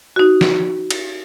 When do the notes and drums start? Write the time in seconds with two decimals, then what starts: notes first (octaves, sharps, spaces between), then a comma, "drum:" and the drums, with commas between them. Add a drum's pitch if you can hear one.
0.16 D#4 F#4
0.41 drum: snare
0.91 drum: cymbal